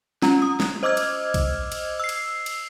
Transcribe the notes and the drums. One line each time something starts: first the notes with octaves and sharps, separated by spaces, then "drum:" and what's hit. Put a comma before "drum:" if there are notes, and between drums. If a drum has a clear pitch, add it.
C#4 F4 A#5, drum: snare
D#6
drum: snare
C5 D#5 D6 E6 F6 G#6
drum: cymbal
drum: kick B1, cymbal
drum: cymbal
E6 C7
drum: cymbal
drum: cymbal